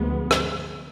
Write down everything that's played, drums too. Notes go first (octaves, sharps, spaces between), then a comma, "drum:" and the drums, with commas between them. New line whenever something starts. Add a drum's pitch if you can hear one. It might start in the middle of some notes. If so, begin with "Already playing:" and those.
Already playing: D2 C3 F3 G#3 B3
drum: rim click